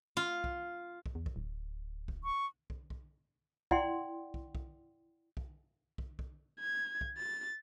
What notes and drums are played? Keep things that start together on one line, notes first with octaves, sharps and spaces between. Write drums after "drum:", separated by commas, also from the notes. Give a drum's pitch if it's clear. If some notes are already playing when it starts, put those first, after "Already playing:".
F4
drum: kick
drum: kick
E2
drum: kick
D1
drum: kick
C#6
drum: kick
drum: kick
E4 D5 F#5 G5 C6, drum: kick
drum: kick
drum: kick
drum: kick
drum: kick
drum: kick
G#6
drum: kick
A6